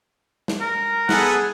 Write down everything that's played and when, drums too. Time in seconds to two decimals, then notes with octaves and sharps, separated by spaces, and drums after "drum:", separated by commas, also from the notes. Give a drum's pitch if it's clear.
0.48 drum: snare
0.61 A#4
1.09 B3 G#4 A4 F#5, drum: snare